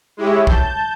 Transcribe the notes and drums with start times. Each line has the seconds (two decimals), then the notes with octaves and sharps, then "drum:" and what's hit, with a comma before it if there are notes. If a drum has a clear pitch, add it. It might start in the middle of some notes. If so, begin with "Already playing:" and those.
0.17 G#3 E4 G4 C#5 E5
0.47 A5 G6, drum: kick